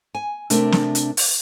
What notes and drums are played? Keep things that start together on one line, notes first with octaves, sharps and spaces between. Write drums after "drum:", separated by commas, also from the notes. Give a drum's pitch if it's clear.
G#5
C3 A3 D4 A#4, drum: hi-hat
drum: snare
drum: hi-hat
drum: open hi-hat